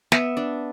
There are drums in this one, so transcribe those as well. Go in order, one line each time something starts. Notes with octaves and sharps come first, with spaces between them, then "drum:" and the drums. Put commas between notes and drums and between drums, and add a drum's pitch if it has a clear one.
B3 E5, drum: snare
D4